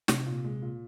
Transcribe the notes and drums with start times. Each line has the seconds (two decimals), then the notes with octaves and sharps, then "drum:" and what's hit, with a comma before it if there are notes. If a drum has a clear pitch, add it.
0.08 C3 D#4, drum: snare
0.26 A#2
0.44 G#3
0.62 A#2